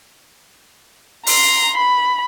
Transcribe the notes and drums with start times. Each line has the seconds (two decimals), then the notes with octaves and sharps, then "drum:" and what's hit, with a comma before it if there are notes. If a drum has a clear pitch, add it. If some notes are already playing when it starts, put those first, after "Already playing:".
1.27 A#5 C6, drum: open hi-hat
1.77 B5